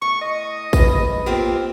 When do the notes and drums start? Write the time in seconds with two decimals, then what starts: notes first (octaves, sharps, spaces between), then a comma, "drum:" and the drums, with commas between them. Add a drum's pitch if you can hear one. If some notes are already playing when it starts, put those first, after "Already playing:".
0.02 A2 C#6
0.21 D#5
0.73 B4, drum: kick A1, tambourine
1.26 A#3 C4 F4 G4